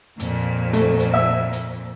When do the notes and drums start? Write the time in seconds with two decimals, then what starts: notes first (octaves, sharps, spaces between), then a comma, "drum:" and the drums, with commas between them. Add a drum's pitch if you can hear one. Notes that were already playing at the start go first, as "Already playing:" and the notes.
0.20 F2 A#2, drum: hi-hat
0.73 A3, drum: hi-hat
0.99 drum: hi-hat
1.14 E5
1.53 drum: hi-hat